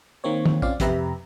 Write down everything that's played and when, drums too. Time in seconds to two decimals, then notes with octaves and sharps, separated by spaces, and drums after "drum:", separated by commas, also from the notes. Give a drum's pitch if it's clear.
0.24 D#3 A#3 C4 C#5
0.46 drum: tom
0.62 C4 C#4 F4 D5 F5, drum: kick
0.80 F2 C3 G4 B4 E5 A#5, drum: kick, hi-hat